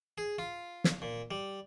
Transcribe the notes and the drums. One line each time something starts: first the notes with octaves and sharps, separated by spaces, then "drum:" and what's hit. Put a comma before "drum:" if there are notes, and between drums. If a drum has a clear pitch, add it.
G#4
F4
drum: snare
A#2
G3